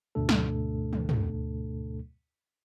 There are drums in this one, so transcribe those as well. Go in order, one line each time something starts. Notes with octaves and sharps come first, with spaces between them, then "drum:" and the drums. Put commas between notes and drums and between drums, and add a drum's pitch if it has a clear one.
D2 G#2 B2 A3 D4 A4
drum: snare
drum: tom
drum: tom